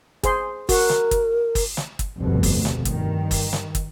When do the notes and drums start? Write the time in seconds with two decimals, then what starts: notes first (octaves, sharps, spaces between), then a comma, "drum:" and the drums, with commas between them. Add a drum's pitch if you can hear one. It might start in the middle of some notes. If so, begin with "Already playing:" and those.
0.23 G#4 C5 C6, drum: kick, hi-hat
0.69 F#4 A#4, drum: kick, open hi-hat
0.89 drum: snare
1.11 drum: kick, hi-hat
1.55 drum: kick, open hi-hat
1.77 drum: snare
1.99 drum: kick, hi-hat
2.19 F1 D2 G2 B2
2.43 drum: kick, open hi-hat
2.65 drum: snare
2.85 G2 D#3, drum: kick, hi-hat
3.31 drum: kick, open hi-hat
3.53 drum: snare
3.75 drum: kick, hi-hat